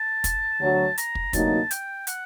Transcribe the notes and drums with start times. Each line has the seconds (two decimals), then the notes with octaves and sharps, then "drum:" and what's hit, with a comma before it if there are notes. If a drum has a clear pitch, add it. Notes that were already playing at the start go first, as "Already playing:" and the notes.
Already playing: A5
0.24 drum: kick, hi-hat
0.60 D2 D3 F#3
0.98 A#5, drum: hi-hat
1.15 drum: kick
1.33 D2 C3 F#3 A#3 D#4 A5, drum: kick, hi-hat
1.71 G5, drum: hi-hat
2.07 F#5, drum: hi-hat